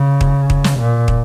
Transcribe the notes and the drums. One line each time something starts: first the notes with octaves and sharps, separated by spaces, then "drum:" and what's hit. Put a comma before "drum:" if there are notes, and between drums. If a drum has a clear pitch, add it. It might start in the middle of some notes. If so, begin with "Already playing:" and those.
Already playing: C#3
drum: kick
drum: kick
drum: snare
A#2
drum: kick